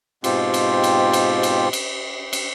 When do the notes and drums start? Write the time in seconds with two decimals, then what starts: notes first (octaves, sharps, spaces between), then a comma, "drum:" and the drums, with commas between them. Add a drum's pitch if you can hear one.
0.24 G#2 B2 C4 F4 G4, drum: cymbal
0.54 drum: cymbal
0.84 drum: cymbal
1.13 drum: cymbal
1.43 drum: cymbal
1.73 drum: cymbal
2.33 drum: cymbal